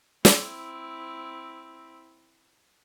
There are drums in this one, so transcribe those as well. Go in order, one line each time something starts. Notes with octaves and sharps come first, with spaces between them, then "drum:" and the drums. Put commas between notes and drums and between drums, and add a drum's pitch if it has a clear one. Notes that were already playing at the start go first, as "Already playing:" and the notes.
C4 E4, drum: snare